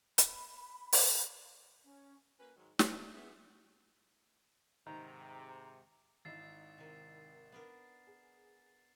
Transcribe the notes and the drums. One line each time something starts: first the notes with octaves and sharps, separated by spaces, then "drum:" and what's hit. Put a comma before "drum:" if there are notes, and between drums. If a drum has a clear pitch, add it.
B5, drum: hi-hat
drum: open hi-hat
C#4
A#3 C#4 F#4 B4
G#2 D#3 F#3 G#3
C#4 D5, drum: snare
F#2 D3 F3 F#3 D4 E4
B3 E4 G#4
G#2 C3 D#3 A#5
G#1 D#4 E4 A6 C7 E7
C3 D#3
B3 D4 A#4
G#4